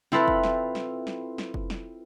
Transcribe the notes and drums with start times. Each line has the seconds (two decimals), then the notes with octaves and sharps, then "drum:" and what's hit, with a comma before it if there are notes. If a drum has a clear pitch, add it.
0.12 C4 E4 F4 A4 B4, drum: snare
0.28 drum: kick
0.43 drum: snare
0.75 drum: snare
1.07 drum: snare
1.38 drum: snare
1.54 drum: kick
1.70 drum: snare